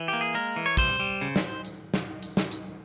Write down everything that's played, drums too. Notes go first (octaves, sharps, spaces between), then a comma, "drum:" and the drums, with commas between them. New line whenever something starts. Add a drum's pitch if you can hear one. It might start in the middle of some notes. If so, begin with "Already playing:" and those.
Already playing: E3
G4
A#3
G#4
G#3 A#4
E3
C#5
G3 C5, drum: kick
G3
C#3
drum: snare
drum: hi-hat
drum: snare
drum: hi-hat
drum: snare
drum: hi-hat